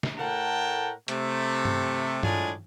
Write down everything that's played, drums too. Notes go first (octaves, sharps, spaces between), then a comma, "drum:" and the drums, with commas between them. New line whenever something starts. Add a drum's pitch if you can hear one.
drum: snare
A2 A3 A#4 F#5 G5 A5
C3 A3, drum: hi-hat
drum: tom G2
A2 G#3 D4 F4 G#4 G#5, drum: tom G2